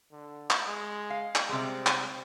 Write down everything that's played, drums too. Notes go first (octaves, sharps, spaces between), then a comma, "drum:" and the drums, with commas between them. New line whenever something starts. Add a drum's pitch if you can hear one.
D3
drum: clap
G#3
F5
drum: clap
C3 G3 G#3 C4
drum: clap